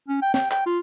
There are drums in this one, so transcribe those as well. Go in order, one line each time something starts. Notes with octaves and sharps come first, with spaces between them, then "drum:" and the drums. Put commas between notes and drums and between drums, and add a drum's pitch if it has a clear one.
C#4
G5
G5, drum: snare
G5, drum: clap
F4